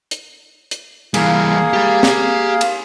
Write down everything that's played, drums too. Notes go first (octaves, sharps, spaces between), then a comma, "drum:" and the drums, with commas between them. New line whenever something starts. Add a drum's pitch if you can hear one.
drum: hi-hat
drum: hi-hat
E3 G3 A#3 G#4 F5, drum: cymbal
G4 B5
drum: snare
drum: cymbal